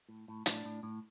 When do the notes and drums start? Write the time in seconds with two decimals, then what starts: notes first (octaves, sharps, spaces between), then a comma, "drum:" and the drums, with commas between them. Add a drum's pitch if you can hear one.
0.09 A2
0.28 A2
0.46 A2 D4, drum: hi-hat
0.65 A2
0.83 A2